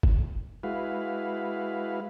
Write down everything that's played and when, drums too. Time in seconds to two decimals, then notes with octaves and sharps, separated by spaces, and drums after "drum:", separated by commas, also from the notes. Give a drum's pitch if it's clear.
0.03 drum: kick G1
0.63 G#3 E4 F#4 B4 F5